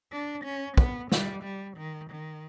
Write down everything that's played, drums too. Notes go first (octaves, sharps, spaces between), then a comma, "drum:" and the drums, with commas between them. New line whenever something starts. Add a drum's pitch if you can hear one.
D4
C#4
B3, drum: kick
G3, drum: snare
G3
D#3
D#3